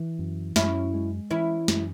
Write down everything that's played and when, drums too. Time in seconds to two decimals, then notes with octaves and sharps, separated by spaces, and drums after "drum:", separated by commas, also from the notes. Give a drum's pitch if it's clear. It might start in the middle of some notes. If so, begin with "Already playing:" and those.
Already playing: E3
0.19 F#2
0.56 F#2 C#4 E4, drum: snare
0.94 G#3
1.31 E3 C#4 E4
1.68 F#2, drum: snare